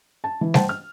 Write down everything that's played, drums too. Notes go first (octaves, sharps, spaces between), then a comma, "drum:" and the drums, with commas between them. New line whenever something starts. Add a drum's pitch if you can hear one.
A5
E3
C5 F#5 G5 A5, drum: snare G3
F6